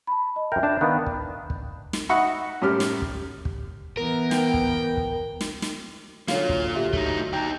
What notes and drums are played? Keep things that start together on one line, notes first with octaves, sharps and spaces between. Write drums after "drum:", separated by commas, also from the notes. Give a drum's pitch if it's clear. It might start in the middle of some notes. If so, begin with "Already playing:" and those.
A5 B5
D#5
F#2 A#4 E5 G5 G6
D4 A5
D#3 B3 D4 F5 B5 F#6
drum: kick
drum: kick
drum: snare
D#4 F#4 E5 F#5 B5 C#6
F#2 A2 G3 G4 F6
drum: snare
drum: kick
drum: kick
E3 B3 A#4
G5, drum: snare
drum: kick
drum: kick
drum: snare
drum: snare
D3 F#3 A#3 F4 C#5 F5, drum: snare
drum: kick
F#4 G4 E5
A3 D#4, drum: kick
D#4 G4 G5 A#5